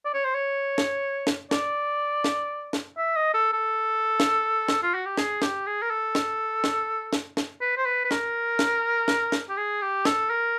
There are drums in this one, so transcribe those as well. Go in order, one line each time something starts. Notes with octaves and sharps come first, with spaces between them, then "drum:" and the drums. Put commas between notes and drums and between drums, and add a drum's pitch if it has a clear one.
D5
C#5
C5
C#5
drum: snare
drum: snare
D5, drum: snare
drum: snare
drum: snare
E5
D#5
A4
A4
drum: snare
drum: snare
F4
F#4
G4
G#4, drum: snare
G4, drum: snare
G#4
A#4
A4
drum: snare
drum: snare
drum: snare
drum: snare
B4
C5
B4
B4
A#4, drum: snare
drum: snare
drum: snare
drum: snare
G4
G#4
G4
A4, drum: snare
A#4